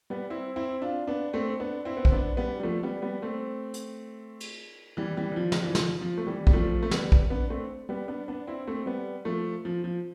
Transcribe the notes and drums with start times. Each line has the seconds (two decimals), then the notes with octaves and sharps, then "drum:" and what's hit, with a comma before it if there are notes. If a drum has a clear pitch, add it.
0.10 G3 B3
0.30 C4 E4
0.56 C4 E4
0.82 D4 F4
1.07 B3 D4
1.33 A3 C4
1.60 B3 D4
1.85 C4 E4
1.97 B3
2.05 C4, drum: kick A#1
2.12 B3 D4
2.37 G3 B3
2.60 G3
2.63 F3 A3
2.83 G3 B3
3.02 G3 B3
3.22 A3 C4
3.74 drum: hi-hat
4.40 drum: cymbal
4.97 E3 G3
5.17 E3 G3
5.32 E3
5.36 F3
5.52 G3, drum: snare
5.56 F3
5.66 E3
5.75 F3, drum: snare
6.01 F3
6.18 A3
6.27 E3 G3
6.47 G3, drum: kick A#1
6.53 F3 A3
6.83 A3
6.91 G3 B3, drum: snare
7.12 drum: kick A#1
7.30 B3 D4
7.50 A3 C4
7.89 G3 B3
8.08 B3 D4
8.28 B3 D4
8.47 C4 E4
8.67 A3 C4
8.86 G3 B3
9.25 F3 A3
9.65 F3
9.84 F3